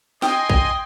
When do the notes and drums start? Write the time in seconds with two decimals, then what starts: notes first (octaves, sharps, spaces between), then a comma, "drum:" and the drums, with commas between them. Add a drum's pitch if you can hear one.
0.22 D#5 G5 G#5 C6 D#6, drum: snare
0.50 drum: kick